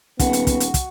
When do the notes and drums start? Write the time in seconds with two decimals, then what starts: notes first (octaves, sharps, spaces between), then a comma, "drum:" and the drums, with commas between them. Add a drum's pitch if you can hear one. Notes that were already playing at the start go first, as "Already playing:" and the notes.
0.19 D#1 B3 F#4, drum: kick, hi-hat
0.33 drum: hi-hat
0.47 drum: kick, hi-hat
0.60 drum: hi-hat
0.74 drum: kick, hi-hat